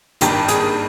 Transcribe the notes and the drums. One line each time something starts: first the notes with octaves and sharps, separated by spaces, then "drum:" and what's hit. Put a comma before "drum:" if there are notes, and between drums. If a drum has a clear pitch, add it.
G#1 G2 D#3 A#3 G4, drum: hi-hat
G#4, drum: hi-hat